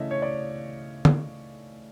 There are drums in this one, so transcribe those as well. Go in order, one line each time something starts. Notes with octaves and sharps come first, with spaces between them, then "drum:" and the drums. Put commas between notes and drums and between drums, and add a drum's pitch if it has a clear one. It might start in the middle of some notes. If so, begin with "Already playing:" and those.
Already playing: C#3 E3 A3 C#4 D#5 E5
C#5
D5
drum: tom D3